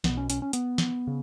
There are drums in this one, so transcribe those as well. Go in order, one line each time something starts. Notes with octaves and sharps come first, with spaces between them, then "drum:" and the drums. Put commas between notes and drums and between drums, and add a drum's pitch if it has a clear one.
B1 B2 B3, drum: snare
C#4
C#4, drum: hi-hat
C#4
B3, drum: hi-hat
drum: snare
C#3